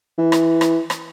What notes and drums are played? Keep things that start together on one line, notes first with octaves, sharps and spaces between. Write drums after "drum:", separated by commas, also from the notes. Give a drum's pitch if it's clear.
E3
drum: rim click
drum: rim click
drum: rim click